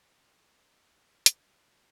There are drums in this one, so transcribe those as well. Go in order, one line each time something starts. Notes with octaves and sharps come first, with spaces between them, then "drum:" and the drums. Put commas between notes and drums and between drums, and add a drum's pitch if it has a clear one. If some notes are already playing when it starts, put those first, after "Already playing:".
Already playing: F2 C4
D#3
F#3
F2
F2, drum: hi-hat
F4
F3 D#4